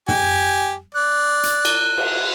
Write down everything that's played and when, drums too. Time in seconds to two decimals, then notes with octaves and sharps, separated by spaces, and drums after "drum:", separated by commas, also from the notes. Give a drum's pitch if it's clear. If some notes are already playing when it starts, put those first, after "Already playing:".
0.08 G4 G#5, drum: tom
0.94 D5 F#6
1.43 drum: hi-hat
1.65 drum: cymbal
1.97 drum: cymbal